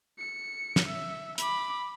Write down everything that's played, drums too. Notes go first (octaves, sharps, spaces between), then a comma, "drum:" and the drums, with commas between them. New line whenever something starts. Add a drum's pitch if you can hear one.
C#7
drum: snare
E5
B5 D6, drum: hi-hat